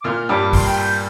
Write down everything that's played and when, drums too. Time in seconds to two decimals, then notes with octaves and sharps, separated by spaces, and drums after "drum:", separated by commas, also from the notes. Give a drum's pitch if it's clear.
0.01 D6
0.04 A#2 A#3 F6
0.29 G2 G3 D6
0.53 C6, drum: kick, open hi-hat
0.65 G5
0.78 G6